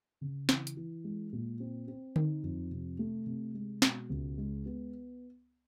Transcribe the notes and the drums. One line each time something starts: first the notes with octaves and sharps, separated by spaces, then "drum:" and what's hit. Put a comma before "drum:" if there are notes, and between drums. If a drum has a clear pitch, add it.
C#3
E3, drum: snare
drum: hi-hat
E3
G#3
A#2
C4
C4
D#4, drum: tom D3
F2
C3
A3
C3
G#3
B2, drum: snare
C#2
G#3
B3